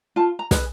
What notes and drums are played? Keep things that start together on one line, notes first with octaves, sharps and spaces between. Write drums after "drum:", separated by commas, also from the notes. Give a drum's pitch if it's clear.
F4 A5
A#5
G#4 B4, drum: snare